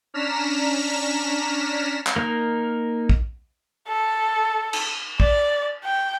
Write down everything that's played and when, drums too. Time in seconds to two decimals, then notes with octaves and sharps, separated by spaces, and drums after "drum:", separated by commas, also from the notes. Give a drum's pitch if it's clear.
0.14 C#4 D4 A#5 F6 B6 E7
2.07 drum: clap
2.16 A#3 D#4 A#4
3.09 drum: kick
3.88 A4
4.73 drum: cymbal
5.20 D5, drum: kick
5.85 G5